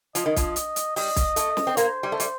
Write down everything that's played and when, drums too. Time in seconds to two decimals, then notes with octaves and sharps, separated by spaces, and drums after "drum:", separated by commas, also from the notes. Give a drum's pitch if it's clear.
0.15 F3 D#5, drum: hi-hat
0.26 D#3
0.36 F3, drum: kick, hi-hat
0.56 drum: hi-hat
0.76 drum: hi-hat
0.96 G3 D#5, drum: open hi-hat
1.16 drum: kick, hi-hat
1.36 A3, drum: hi-hat
1.57 drum: snare
1.67 C4
1.77 A#3 C5, drum: hi-hat
2.03 G3
2.12 A3
2.20 G3, drum: hi-hat